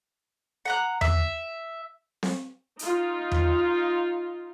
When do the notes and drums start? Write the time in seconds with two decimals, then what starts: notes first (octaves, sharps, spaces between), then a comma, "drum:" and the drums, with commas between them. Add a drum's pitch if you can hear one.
0.65 F#5 A#5 F#6
1.01 E5, drum: tom E2
2.23 drum: snare C4
2.79 D#4 F4, drum: hi-hat
3.32 drum: tom E2